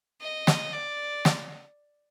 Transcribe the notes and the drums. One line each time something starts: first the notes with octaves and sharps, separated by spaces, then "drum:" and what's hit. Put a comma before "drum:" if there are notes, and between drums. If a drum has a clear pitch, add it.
D#5
drum: snare
D5
drum: snare